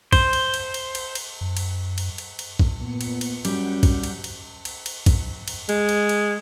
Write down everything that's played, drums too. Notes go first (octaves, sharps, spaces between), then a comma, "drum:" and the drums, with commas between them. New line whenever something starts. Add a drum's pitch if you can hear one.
C5, drum: kick, cymbal
drum: cymbal
drum: cymbal
drum: cymbal
drum: cymbal
drum: cymbal
F#2
drum: cymbal
drum: cymbal
drum: cymbal
drum: cymbal
drum: kick
A#2 B3 C#7
drum: cymbal
drum: cymbal
F#2 G3 F#5 G6, drum: cymbal
drum: kick, cymbal
drum: cymbal
drum: cymbal
drum: cymbal
drum: cymbal
drum: kick, cymbal
drum: cymbal
G#3, drum: cymbal
drum: cymbal
drum: cymbal